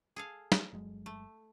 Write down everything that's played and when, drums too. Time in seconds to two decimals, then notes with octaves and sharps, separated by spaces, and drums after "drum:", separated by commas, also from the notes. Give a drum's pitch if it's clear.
0.16 G#4 A4 F5
0.52 drum: snare
0.73 G1 F#3 G#3
1.06 A3